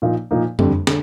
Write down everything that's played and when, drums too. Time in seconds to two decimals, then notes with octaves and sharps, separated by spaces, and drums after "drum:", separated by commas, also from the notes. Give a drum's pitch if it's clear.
0.02 A#2 F3 A#3 D#4
0.31 A#2 F3 A#3 D#4
0.59 F2 D3 G3, drum: tom F#2
0.87 D3, drum: snare